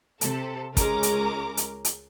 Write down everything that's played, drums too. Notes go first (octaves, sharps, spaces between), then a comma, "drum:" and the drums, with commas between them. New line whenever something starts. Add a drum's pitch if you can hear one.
C3 A4, drum: hi-hat
C#2 G#3 C#4 A#4 A#5 D6, drum: kick, hi-hat
drum: hi-hat
drum: hi-hat
drum: hi-hat